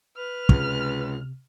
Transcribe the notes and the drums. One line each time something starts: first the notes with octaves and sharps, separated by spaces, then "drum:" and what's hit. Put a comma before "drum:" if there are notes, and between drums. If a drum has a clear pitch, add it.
B4 F6
C#2 C3, drum: kick